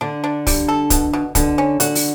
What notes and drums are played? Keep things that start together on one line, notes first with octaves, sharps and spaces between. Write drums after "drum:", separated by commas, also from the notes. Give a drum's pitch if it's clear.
D3 D4
D4
G3, drum: kick, open hi-hat
A4
B2, drum: kick, hi-hat
B2
B2 D3, drum: kick, hi-hat
C#4
D3 F#4, drum: hi-hat
drum: open hi-hat